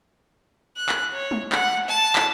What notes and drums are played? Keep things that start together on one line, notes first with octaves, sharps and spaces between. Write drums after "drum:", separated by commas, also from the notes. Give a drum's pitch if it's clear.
F#6
drum: clap
C#5
drum: tom
F#5, drum: clap
A5
drum: clap